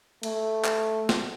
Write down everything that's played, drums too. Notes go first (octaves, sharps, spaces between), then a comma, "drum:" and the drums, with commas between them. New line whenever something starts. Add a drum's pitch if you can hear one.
A3, drum: cymbal
drum: clap
drum: snare